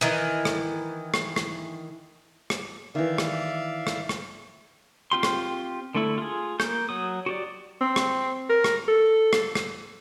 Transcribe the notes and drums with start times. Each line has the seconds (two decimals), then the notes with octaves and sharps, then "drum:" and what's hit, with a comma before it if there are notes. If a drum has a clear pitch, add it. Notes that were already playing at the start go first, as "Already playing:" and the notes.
0.01 D#3 E3
0.45 drum: rim click
1.14 drum: rim click
1.36 drum: rim click
2.50 drum: rim click
2.95 D#3 E3 D5 E5 F5
3.18 drum: rim click
3.87 drum: rim click
4.09 drum: rim click
5.11 C4 F4 G4 C6
5.23 drum: rim click
5.95 D3 A3 E4
6.18 F4 G#4
6.60 A#3 G6, drum: rim click
6.89 F#3 D#6
7.26 F#4 G4 D5
7.81 C4
7.96 drum: rim click
8.49 A#4
8.64 drum: rim click
8.88 A4
9.33 drum: rim click
9.55 drum: rim click